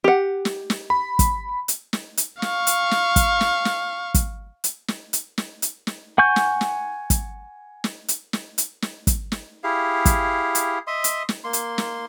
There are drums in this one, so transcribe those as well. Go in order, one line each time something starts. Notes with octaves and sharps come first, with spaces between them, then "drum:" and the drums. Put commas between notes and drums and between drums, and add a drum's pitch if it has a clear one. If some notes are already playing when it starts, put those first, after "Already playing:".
G4 F#5
drum: snare
drum: snare
B5
drum: kick, hi-hat
drum: hi-hat
drum: snare
drum: hi-hat
F5 C#6, drum: snare
drum: hi-hat
drum: snare
drum: kick, hi-hat
drum: snare
drum: snare
drum: kick, hi-hat
drum: hi-hat
drum: snare
drum: hi-hat
drum: snare
drum: hi-hat
drum: snare
F#5 G#5 C#6 G6
drum: snare
drum: snare
drum: kick, hi-hat
drum: snare
drum: hi-hat
drum: snare
drum: hi-hat
drum: snare
drum: kick, hi-hat
drum: snare
E4 G4 G#4 F5
drum: kick, hi-hat
drum: hi-hat
D#5 E5 C6 D#6
drum: hi-hat
drum: snare
A#3 C6
drum: hi-hat
drum: snare